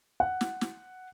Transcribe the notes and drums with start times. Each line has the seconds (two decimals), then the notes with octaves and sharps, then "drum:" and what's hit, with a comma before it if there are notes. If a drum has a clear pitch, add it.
0.20 F#5
0.41 drum: snare
0.61 drum: snare